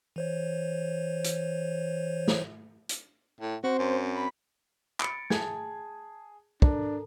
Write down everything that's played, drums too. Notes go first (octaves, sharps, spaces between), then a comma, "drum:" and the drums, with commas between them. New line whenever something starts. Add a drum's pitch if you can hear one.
E3 C5 C#5
drum: hi-hat
drum: snare
drum: hi-hat
A2
C4 F#4 C5
F#2
B5
B5 A6 C#7 D7, drum: clap
G#4 G#5 A5 G#6, drum: snare
D4 A4 A#4 A#5, drum: kick